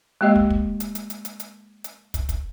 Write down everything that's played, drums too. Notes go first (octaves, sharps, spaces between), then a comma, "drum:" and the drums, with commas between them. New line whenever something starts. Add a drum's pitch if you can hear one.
G#3 A#3 G4 D#5
drum: kick
drum: kick
drum: hi-hat
drum: hi-hat
drum: hi-hat
drum: hi-hat
drum: hi-hat
drum: hi-hat
drum: kick, hi-hat
drum: kick, hi-hat